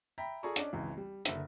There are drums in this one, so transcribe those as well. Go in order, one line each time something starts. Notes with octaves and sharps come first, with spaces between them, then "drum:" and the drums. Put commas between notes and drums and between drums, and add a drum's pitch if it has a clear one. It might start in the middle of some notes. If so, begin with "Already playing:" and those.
E5 G5 A#5 B5 B6
F4 G#4 A4 D5 A#5 C#6
C#4 D4 D5 D#5, drum: hi-hat
G#1 C#2 E3
G3
F#1 D3 E5, drum: hi-hat